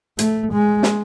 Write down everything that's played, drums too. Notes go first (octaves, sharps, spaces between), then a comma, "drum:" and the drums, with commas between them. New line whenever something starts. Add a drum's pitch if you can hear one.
A3, drum: hi-hat
G#3
drum: snare